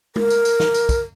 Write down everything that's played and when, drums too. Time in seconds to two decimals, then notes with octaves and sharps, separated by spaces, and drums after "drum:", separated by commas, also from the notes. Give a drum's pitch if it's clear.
0.16 A#4, drum: tom G#3
0.30 drum: tambourine
0.45 drum: tambourine
0.60 drum: snare
0.74 drum: tambourine
0.89 drum: kick, tambourine